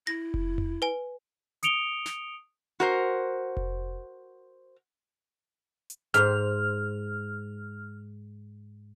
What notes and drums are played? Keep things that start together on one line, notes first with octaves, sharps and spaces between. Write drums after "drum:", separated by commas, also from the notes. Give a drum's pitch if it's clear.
E4 A#6
drum: kick F1
drum: tom F2
B4 G#5
D#6 C#7 D7 F7 G7, drum: hi-hat
drum: snare
F#4 A#4 C5
drum: kick F1
drum: hi-hat
G#2 C5 F6, drum: hi-hat